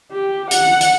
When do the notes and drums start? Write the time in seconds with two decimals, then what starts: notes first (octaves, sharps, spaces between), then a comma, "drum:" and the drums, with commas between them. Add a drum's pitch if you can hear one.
0.12 G4
0.51 F#5, drum: hi-hat
0.81 drum: hi-hat